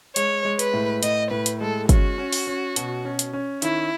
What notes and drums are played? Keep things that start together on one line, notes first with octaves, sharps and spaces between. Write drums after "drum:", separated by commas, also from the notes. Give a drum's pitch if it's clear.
G#3 C#5, drum: hi-hat
G#3
B4, drum: hi-hat
A2
A2 D#5, drum: hi-hat
A2 B4
drum: hi-hat
G#3 A4
C#4 F#4, drum: kick, hi-hat
C#4
drum: open hi-hat
C#4
B2, drum: hi-hat
C#4
drum: hi-hat
C#4
D#3 E4, drum: hi-hat